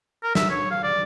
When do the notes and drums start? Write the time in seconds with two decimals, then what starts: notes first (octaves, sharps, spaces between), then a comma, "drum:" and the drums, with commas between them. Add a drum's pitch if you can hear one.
0.24 A#4
0.35 E5, drum: snare
0.50 C#5
0.71 F5
0.83 D5